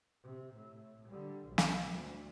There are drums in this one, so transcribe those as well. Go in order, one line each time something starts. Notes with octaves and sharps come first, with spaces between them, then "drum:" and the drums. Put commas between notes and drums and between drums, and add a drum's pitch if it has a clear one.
C3
A2
D3 G3
B1 A2
drum: snare
D2